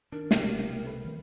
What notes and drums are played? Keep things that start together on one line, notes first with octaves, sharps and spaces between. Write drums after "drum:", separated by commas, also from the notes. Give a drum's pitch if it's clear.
D#3 D4 A#4
C2 B2 C#4 G4, drum: snare
A3 B4
D#3 F3 C4